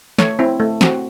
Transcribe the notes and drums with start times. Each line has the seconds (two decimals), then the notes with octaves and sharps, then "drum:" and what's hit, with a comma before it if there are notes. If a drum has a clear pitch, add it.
0.19 A3 C#5, drum: snare
0.39 C4 E4
0.60 A3
0.81 C4 F#4, drum: snare